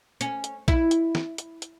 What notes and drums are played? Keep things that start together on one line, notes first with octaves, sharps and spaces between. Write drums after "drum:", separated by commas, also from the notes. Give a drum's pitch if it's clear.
C#4, drum: hi-hat
drum: hi-hat
E4, drum: kick A#1
drum: hi-hat
drum: snare
drum: hi-hat
drum: hi-hat